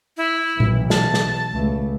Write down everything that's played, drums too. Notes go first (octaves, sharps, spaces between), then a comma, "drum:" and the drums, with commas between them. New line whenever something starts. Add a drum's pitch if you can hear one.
E4
B1 E3, drum: tom A#2
A5, drum: snare
drum: snare
C#2 A3